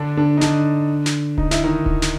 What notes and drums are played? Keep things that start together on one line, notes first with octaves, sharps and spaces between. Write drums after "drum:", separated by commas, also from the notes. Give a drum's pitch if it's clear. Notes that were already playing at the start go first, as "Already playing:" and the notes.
Already playing: D3 D4
D3 D4
D#4
D3 D4, drum: snare
drum: snare
D#4, drum: kick D1
E4, drum: snare
D#3 D#4
drum: kick D1
drum: snare